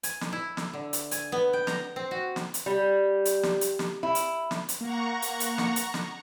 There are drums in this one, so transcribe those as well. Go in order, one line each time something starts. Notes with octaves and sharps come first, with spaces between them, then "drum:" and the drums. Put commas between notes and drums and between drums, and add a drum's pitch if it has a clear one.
G#5, drum: hi-hat
drum: snare
E4
drum: snare
D3
drum: hi-hat
G#5, drum: hi-hat
B3
G5
A#5, drum: snare
C4
F#4
drum: snare
drum: hi-hat
G3
drum: hi-hat
drum: snare
drum: hi-hat
drum: snare
E4
drum: hi-hat
drum: snare
drum: hi-hat
A#3 F#5 A#5 C#6
drum: hi-hat
drum: hi-hat
drum: snare
drum: hi-hat
drum: snare